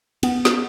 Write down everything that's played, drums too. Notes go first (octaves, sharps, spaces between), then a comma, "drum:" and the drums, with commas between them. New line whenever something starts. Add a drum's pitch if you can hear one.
B3, drum: cymbal
drum: snare